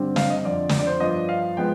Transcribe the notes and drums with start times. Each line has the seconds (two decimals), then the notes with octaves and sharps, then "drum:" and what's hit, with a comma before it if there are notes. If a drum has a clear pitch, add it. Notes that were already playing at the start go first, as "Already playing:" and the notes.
Already playing: G2 D3 G3 C4
0.16 F5, drum: snare
0.30 D#5
0.44 F2 D3 F3 D5
0.69 drum: snare
0.79 D5
0.87 C5
1.00 G2 F3 B3 D4 D#5
1.29 F5
1.57 F3 G#3 B3 G5